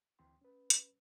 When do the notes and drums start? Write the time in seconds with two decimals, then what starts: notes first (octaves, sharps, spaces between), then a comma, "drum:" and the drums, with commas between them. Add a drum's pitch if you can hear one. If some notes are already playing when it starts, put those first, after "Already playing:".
0.19 D2 E3 C4 G5 C6
0.41 C#4 B4
0.70 drum: hi-hat